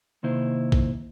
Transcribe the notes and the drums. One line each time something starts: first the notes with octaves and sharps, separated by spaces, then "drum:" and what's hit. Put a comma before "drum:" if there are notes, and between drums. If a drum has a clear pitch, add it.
C3 D#3 A#3 E4 C5
drum: kick B1